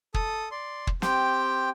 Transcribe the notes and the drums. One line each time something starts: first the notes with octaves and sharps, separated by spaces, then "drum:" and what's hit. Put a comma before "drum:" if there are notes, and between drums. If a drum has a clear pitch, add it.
A4 D#6, drum: kick
D5 C6
drum: kick
C4 G4 G5, drum: snare